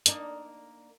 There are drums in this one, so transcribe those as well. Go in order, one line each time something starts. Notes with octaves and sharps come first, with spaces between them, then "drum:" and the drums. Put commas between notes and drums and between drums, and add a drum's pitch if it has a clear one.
A#3 D4 D#4, drum: hi-hat